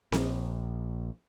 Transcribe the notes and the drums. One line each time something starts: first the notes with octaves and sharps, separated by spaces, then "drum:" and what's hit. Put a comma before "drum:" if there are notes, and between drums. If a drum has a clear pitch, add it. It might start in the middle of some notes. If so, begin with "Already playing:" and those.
A#1, drum: snare C4